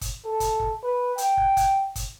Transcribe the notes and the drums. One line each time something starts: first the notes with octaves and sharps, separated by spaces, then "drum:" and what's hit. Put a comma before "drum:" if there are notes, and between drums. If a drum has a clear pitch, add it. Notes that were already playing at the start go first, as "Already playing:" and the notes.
drum: kick, hi-hat
A4
drum: kick, hi-hat
drum: kick
B4
G5, drum: hi-hat
drum: kick
drum: kick, hi-hat
drum: kick, hi-hat